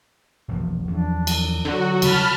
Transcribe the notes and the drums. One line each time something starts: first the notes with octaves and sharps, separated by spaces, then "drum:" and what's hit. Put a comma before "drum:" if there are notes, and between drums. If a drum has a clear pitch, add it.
E1 A#1 F#2
E2 F3 F#3 D4
drum: cymbal
D3 F#3 F#4
C#3 G3 G#3 A5 B5 F6, drum: cymbal